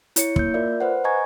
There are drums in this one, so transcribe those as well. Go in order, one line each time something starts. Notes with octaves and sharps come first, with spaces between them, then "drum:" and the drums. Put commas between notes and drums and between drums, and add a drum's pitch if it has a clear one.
E4 C#5 C#7, drum: hi-hat
A#3 G6, drum: kick
F4 A#4 D5 E5
B4 C5 F#5
D#5 G#5 A#5 C#6 G#6